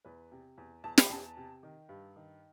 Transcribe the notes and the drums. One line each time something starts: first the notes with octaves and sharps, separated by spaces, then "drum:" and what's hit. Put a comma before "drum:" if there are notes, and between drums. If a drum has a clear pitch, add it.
E2 B4
C3
E2
E2 A5
B5, drum: snare
E2 A5
C3
D#3
G2
D#3